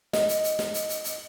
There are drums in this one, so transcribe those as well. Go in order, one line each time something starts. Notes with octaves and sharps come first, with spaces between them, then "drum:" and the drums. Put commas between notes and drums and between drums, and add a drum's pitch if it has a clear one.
D#5, drum: snare
drum: hi-hat
drum: hi-hat
drum: snare
drum: hi-hat
drum: hi-hat
drum: hi-hat